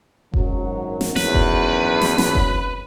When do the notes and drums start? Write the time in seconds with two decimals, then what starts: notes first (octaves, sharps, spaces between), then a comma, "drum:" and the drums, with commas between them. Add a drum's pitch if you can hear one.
0.34 G#1 F#2 F#3, drum: kick F1
1.01 drum: snare
1.16 E2 B4, drum: snare
1.34 drum: kick F1
2.01 drum: snare
2.18 drum: snare
2.35 drum: kick F1